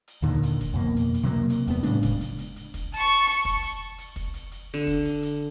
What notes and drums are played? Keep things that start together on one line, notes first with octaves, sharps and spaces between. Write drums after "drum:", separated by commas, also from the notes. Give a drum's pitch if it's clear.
drum: hi-hat
D#2 A#2 D3 D#3
drum: hi-hat
drum: kick, hi-hat
F2 B2 A#3
drum: hi-hat
drum: hi-hat
C3 F#3 A#3
drum: hi-hat
E2 B3, drum: hi-hat
A2 C#3 G#3 D4, drum: hi-hat
drum: kick, hi-hat
drum: hi-hat
drum: hi-hat
drum: hi-hat
drum: kick, hi-hat
A5 C#6, drum: hi-hat
drum: hi-hat
drum: hi-hat
drum: kick, hi-hat
drum: hi-hat
drum: hi-hat
drum: kick, hi-hat
drum: hi-hat
drum: hi-hat
D3
drum: kick, hi-hat
drum: hi-hat
drum: hi-hat